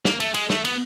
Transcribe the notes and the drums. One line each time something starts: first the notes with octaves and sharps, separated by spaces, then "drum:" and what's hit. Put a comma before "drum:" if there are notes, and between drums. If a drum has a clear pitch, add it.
A#3, drum: snare
A3, drum: cymbal
G#3, drum: cymbal
A3, drum: snare
B3, drum: cymbal